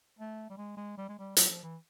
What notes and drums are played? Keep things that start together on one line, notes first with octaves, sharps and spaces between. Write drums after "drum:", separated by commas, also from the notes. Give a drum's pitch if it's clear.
A3
G3
G#3
G#3
G3
G#3
G3
F#3, drum: hi-hat
F3
E3